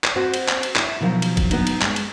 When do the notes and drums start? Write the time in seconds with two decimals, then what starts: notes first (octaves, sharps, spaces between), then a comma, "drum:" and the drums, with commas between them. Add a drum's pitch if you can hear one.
0.04 drum: clap
0.16 C4 F#4 C5
0.34 drum: cymbal
0.48 drum: clap
0.63 drum: cymbal
0.76 E4, drum: clap
1.01 B2 D#3 F3 F#3
1.22 drum: cymbal
1.37 drum: kick, cymbal
1.51 F#2 B3 D#4, drum: cymbal
1.67 drum: cymbal
1.81 G#3, drum: clap
1.96 drum: cymbal